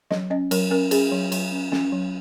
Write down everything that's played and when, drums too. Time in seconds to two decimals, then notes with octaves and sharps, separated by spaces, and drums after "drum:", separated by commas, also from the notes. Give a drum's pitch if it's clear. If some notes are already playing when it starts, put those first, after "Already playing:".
0.11 F#3 D#5, drum: snare
0.30 C#4 D#5
0.51 F#3 A#4, drum: cymbal
0.71 C#4 A#4
0.91 C#4 G#4, drum: cymbal
1.12 F#3
1.32 F#3, drum: cymbal
1.52 C#4
1.72 C#4, drum: snare
1.92 F#3